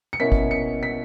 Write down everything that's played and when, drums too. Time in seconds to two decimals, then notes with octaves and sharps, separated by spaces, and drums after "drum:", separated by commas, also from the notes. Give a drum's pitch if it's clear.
0.13 C#7
0.20 B2 A#3 C#4 E4 B6
0.32 drum: kick
0.51 C#7
0.83 B6